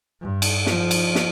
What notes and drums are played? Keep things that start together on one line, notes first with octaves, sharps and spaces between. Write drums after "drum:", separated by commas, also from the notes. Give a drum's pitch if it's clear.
G2
drum: cymbal
F3, drum: snare
drum: cymbal
drum: snare